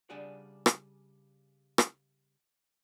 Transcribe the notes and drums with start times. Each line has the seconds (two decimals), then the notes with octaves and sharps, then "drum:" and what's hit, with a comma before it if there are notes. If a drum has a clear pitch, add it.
0.10 C#3 G3 D4 G#4 D5 F#5
0.66 drum: rim click
1.78 drum: rim click